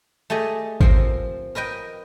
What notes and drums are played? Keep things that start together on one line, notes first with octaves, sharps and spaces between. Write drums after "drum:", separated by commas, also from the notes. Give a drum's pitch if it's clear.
A3 G4 G#4 D#5
F3 C4 A#4, drum: kick G#1
A#4 B4 D#5 G5